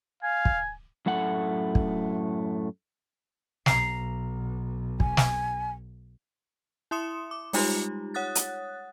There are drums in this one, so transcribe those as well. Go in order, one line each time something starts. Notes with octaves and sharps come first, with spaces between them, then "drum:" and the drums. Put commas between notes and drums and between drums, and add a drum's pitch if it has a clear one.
F5 G#5
drum: kick
F#2 A2 A3 F#5
drum: kick
B1 A#5 C7, drum: snare
G#5, drum: kick
drum: snare
E4 E5 C6 D#6 C#7 E7
D6
G3 G#3 D#4 F4 G4, drum: open hi-hat
C#5 F#5 D#6 F#6 A6
drum: hi-hat